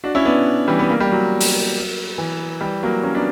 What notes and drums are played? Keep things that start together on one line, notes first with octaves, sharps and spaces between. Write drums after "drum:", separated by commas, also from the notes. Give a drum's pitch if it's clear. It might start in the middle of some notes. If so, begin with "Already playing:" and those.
D4 F#4
C#4 E4
B3 D4
E3 G3
B3
A#3
G3
F#3
drum: open hi-hat
E3
E3 G3
F#3 A#3
A#3 C#4
B3 D4